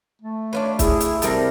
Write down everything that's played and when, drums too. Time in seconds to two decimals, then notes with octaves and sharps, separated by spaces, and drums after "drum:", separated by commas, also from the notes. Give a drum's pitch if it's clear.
0.22 A3
0.53 D4 F4 B4 C#5
0.79 E4 G#4, drum: kick, hi-hat
1.00 drum: hi-hat
1.22 C3 G3 A4 A#4, drum: hi-hat